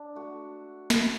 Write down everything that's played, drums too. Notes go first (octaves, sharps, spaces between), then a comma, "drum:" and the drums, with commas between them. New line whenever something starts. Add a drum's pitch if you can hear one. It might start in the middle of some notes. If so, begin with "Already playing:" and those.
Already playing: D4
A3 F#4
drum: snare